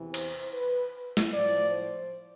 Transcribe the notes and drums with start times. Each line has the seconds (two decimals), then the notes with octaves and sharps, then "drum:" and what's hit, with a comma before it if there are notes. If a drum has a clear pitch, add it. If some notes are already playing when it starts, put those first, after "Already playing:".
Already playing: E2 C3 E3
0.14 C5, drum: cymbal
0.53 B4
1.17 drum: snare
1.32 A2 F3 D5
1.72 C5